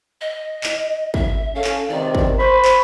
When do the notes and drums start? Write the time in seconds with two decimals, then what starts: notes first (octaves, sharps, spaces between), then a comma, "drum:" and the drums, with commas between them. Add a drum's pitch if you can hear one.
0.21 D#5
0.64 drum: clap
1.14 E5, drum: kick
1.55 C#4 A4 F5
1.64 drum: clap
1.89 C#2 C3 D#3 D5
2.15 drum: kick
2.39 C5 B5 C#6
2.65 drum: clap